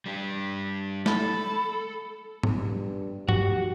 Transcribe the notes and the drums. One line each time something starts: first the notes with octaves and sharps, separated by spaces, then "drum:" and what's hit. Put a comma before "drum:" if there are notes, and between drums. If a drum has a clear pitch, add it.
G3 D4 G4
A4 B5, drum: snare
drum: tom G#2
G2
F#4 G4, drum: tom G2